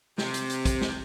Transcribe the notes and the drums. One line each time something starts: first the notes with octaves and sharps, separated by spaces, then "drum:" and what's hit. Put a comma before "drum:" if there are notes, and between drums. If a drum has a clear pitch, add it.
C3, drum: snare
drum: hi-hat
drum: hi-hat
drum: kick, hi-hat
drum: snare